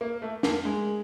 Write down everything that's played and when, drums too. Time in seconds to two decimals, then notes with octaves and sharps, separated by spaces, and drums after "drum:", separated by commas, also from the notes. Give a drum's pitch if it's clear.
0.01 A#3
0.22 A3
0.43 A#3, drum: snare
0.65 G#3